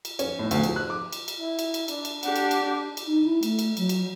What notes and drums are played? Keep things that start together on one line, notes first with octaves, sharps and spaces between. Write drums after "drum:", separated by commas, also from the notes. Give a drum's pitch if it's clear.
drum: cymbal
C#4, drum: cymbal
A2
D2, drum: cymbal
F3, drum: cymbal
F#6
D6
drum: cymbal
drum: cymbal
E4
drum: cymbal
drum: cymbal
D4, drum: cymbal
drum: cymbal
D4 G4 F#5, drum: cymbal
drum: cymbal
drum: cymbal
drum: cymbal
D#4
E4
A3, drum: cymbal
drum: cymbal
F#3, drum: cymbal
drum: cymbal